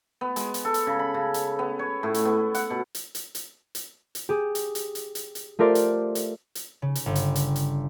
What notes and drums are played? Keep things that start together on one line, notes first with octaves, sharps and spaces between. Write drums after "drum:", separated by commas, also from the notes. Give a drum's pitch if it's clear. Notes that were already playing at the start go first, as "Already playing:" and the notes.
B3
G#3, drum: hi-hat
drum: hi-hat
A4
drum: hi-hat
C#3
B5
C#3
drum: hi-hat
B3
C#5
A2
drum: hi-hat
B3
F#5, drum: hi-hat
B2
drum: hi-hat
drum: hi-hat
drum: hi-hat
drum: hi-hat
drum: hi-hat
G4 G#4
drum: hi-hat
drum: hi-hat
drum: hi-hat
drum: hi-hat
drum: hi-hat
A3 F4 G4 A#4 C5 D5
drum: hi-hat
drum: hi-hat
drum: hi-hat
C#3
drum: hi-hat
G1
drum: hi-hat
drum: hi-hat
drum: hi-hat